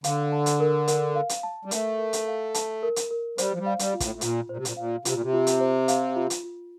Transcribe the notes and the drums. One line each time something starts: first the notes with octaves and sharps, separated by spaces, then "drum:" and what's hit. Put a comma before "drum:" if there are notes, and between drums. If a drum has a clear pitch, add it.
D3 F5, drum: hi-hat
A5
drum: hi-hat
A#4
A#4, drum: hi-hat
F5
drum: hi-hat
A5
G3
A3 A#4, drum: hi-hat
A#4
drum: hi-hat
F5
A5, drum: hi-hat
A#4
drum: hi-hat
A#4
G3 C5, drum: hi-hat
F3
G3
F5
G3, drum: hi-hat
F4
A2, drum: kick, hi-hat
A2
A#2 F4, drum: hi-hat
A#2 C5
C3
A#2, drum: hi-hat
A#2 F5
C3 F4, drum: hi-hat
A#2
C3
F4
drum: hi-hat
C5
F5, drum: hi-hat
F4
drum: hi-hat
F4